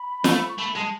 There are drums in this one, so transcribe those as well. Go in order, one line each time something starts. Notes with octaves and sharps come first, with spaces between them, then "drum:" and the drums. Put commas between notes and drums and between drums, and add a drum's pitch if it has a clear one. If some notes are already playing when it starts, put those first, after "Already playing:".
Already playing: B5
A3, drum: snare
C#6
A3 B5
G#3 A5